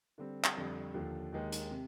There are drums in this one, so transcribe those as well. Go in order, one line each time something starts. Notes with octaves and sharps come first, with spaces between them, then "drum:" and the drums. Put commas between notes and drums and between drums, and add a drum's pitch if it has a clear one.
D3 G3 C4
drum: clap
F2 D3 G3
D#2 D3 F3
D#2 D#3 G#3
drum: hi-hat
C3